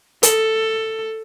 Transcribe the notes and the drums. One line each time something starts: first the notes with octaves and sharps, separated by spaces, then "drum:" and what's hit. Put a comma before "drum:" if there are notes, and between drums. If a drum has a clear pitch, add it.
A4, drum: hi-hat